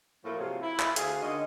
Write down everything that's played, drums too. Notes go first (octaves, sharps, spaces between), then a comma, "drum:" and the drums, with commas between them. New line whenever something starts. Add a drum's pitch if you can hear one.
A2 F3 F#3 A3 A#3 A4
G#2 C3 F3 F#3 F4
E4
drum: clap
D2 G#4 F5, drum: hi-hat
D3 D#3 G#3 C#4 D#5